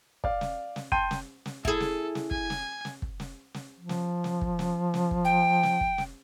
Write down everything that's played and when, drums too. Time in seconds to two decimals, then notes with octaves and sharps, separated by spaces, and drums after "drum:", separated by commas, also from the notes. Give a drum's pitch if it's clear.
0.24 D5 F5, drum: kick
0.41 drum: snare
0.76 drum: snare
0.92 G5 A5 C6 G6 D#7, drum: kick
1.11 drum: snare
1.46 drum: snare
1.65 E4 G#4 A4, drum: kick
1.80 drum: snare
2.15 drum: snare
2.31 G#5, drum: kick
2.50 drum: snare
2.85 drum: snare
3.02 drum: kick
3.20 drum: snare
3.54 drum: snare
3.79 F3
3.89 drum: snare
4.24 drum: snare
4.41 drum: kick
4.59 drum: snare
4.94 drum: snare
5.11 drum: kick
5.25 G5
5.63 drum: snare
5.81 drum: kick
5.98 drum: snare